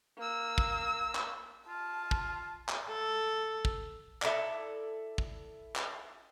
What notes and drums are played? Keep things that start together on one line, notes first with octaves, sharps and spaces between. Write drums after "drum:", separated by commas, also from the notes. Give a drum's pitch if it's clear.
A#3 E6
drum: kick
drum: clap
F4 A5
drum: kick
drum: clap
A4
drum: kick
E4 A4 D5, drum: clap
drum: kick
drum: clap